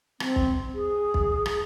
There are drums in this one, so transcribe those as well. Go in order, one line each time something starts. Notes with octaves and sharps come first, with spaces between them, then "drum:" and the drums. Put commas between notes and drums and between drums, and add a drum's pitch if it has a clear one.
C4, drum: rim click
drum: kick
G#4
drum: kick
drum: rim click